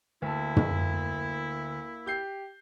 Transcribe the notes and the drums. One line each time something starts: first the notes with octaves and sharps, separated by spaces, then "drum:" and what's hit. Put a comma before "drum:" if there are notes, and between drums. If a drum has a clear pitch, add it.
D2 A#3 E4 A5
drum: tom
G4 G6 C7